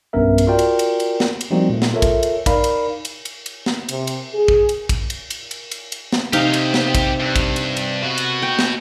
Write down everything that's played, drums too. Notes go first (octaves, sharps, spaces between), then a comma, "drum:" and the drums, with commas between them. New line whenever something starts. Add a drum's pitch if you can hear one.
B1 G2 B3 C#4 A#4 E5
drum: cymbal
F4 F#4 A#4 D5 G5
drum: cymbal
drum: cymbal
drum: cymbal
drum: snare
drum: cymbal
F3 G3 A#3 C4 D#4 F#4
A#2 F#3 A3
drum: snare
F4 A4 A#4 C#5 E5
drum: kick, cymbal
drum: cymbal
D#4 A#4 D5 F5 B5, drum: kick, cymbal
drum: cymbal
drum: cymbal
drum: cymbal
drum: cymbal
drum: snare
C3, drum: cymbal
drum: cymbal
G#4
drum: kick
drum: cymbal
drum: kick, cymbal
drum: cymbal
drum: cymbal
drum: cymbal
drum: cymbal
drum: cymbal
drum: snare
C3 D#4 G4 D#5 F5, drum: cymbal
drum: cymbal
drum: snare
drum: kick, cymbal
G2
drum: kick, cymbal
drum: cymbal
drum: cymbal
B2 F#4
drum: cymbal
G5
drum: snare